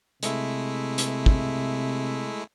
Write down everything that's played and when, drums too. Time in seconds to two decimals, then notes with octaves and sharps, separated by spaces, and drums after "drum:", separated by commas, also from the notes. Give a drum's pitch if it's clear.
0.23 C3 G#3 A3 E4, drum: hi-hat
0.98 drum: hi-hat
1.26 drum: kick